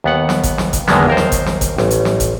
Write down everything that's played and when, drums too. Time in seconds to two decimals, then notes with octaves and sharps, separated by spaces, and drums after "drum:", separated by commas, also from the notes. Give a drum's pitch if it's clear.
0.04 D#2 B3 F#5
0.29 drum: snare
0.43 drum: kick, hi-hat
0.58 drum: snare
0.73 drum: kick, hi-hat
0.88 E2 D3 D#3 G#3 A#3 B3, drum: snare
1.07 D#2 A#4 C5
1.17 drum: snare
1.32 drum: kick, hi-hat
1.46 drum: snare
1.61 drum: kick, hi-hat
1.78 A1, drum: snare
1.90 drum: hi-hat
2.05 drum: snare
2.20 drum: kick, hi-hat